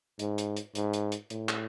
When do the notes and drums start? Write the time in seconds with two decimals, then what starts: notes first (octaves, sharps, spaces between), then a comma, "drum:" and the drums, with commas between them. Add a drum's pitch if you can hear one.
0.19 G#2, drum: hi-hat
0.38 drum: hi-hat
0.57 drum: hi-hat
0.75 G#2, drum: hi-hat
0.93 drum: hi-hat
1.12 drum: hi-hat
1.30 A2, drum: hi-hat
1.49 drum: clap